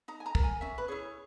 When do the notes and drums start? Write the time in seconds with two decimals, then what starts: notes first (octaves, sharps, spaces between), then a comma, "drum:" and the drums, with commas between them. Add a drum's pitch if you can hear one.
0.08 D#4 A#5
0.20 G#5
0.26 A#5
0.35 A#4, drum: kick
0.43 G#5
0.61 C#4 E5
0.78 B4
0.88 E4 G#4 C#5